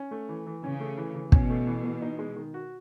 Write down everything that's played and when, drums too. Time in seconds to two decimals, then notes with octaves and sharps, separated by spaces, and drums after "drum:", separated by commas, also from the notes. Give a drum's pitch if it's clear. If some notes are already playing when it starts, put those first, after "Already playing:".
Already playing: C#4
0.11 A3
0.29 E3
0.46 E3
0.63 C#3 C#4
0.80 A3
0.98 E3
1.15 E3
1.32 B2 C#4, drum: kick
1.50 A3
1.67 E3
1.85 E3
2.02 D#4
2.19 G#3
2.36 D#3
2.54 F#4